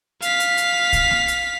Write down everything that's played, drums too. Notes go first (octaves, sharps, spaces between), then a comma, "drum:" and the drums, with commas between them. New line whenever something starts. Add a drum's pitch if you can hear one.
F5 B6, drum: hi-hat
drum: hi-hat
drum: hi-hat
drum: kick, hi-hat
drum: snare A#3
drum: hi-hat